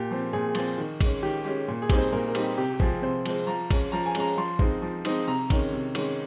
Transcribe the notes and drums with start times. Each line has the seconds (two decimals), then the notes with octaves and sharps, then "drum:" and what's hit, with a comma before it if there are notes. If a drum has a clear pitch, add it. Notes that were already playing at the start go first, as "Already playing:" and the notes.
Already playing: A#2 G4
0.11 F3 C4
0.33 A#2 G#4
0.55 F3 C4, drum: cymbal
0.78 D#3
1.01 G#3 C#4, drum: kick A1, cymbal
1.23 D#3 G4
1.45 G#3 C#4 G4
1.68 A#2
1.82 G#4
1.90 G3 C4 D#4, drum: kick A1, cymbal
1.97 C5
2.12 A#2 A#4
2.27 A#4
2.35 G3 C4 D#4, drum: cymbal
2.43 G4
2.57 C3 G4
2.74 G4
2.80 F3 G#3 C4 G#4, drum: kick A1
3.02 C3 C5
3.26 F3 G#3 C4, drum: cymbal
3.47 F3 A#5
3.70 G#3 C#4, drum: kick A1, cymbal
3.92 F3 A#5
4.06 G#5
4.15 G#3 C#4 A#5, drum: cymbal
4.37 F3 C6
4.59 G#3 C4 D#4, drum: kick A1
4.82 F3
5.05 G#3 C4 D#4, drum: cymbal
5.27 C3 A#5
5.50 D#3 G#3 C#4, drum: kick A1, cymbal
5.72 C3
5.95 D#3 G#3 C#4, drum: cymbal